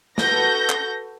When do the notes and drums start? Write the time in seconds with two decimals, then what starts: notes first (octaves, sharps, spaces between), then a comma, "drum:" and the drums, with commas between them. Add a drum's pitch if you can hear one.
0.18 F#4 A4 B4 G6 A#6, drum: snare
0.69 drum: clap